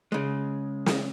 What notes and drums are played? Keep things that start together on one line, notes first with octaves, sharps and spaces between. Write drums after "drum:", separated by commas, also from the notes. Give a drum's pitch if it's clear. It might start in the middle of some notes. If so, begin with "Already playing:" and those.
C#3 G#3
drum: snare